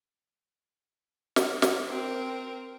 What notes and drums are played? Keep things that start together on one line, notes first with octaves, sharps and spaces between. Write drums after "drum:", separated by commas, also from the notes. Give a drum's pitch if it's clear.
drum: snare
drum: snare
C4 A#4